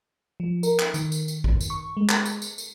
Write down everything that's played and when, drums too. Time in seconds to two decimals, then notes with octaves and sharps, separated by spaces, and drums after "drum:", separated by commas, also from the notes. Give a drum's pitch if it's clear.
0.40 F3
0.63 A#4, drum: tambourine
0.79 drum: clap
0.94 D#3, drum: tambourine
1.12 drum: tambourine
1.28 drum: tambourine
1.44 drum: kick G#1
1.61 drum: tambourine
1.70 C#6
1.97 G#3
2.09 drum: clap
2.26 drum: tambourine
2.42 drum: tambourine
2.58 drum: tambourine